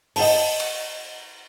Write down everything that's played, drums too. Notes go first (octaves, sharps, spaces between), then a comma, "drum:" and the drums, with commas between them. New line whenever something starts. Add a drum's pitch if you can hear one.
D#5 G5 A5, drum: open hi-hat
drum: cymbal